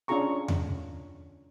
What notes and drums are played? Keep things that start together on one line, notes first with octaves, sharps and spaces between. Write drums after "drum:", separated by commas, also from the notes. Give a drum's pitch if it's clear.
C#4 D4 F4 G#4 A#5 C#6
drum: tom E2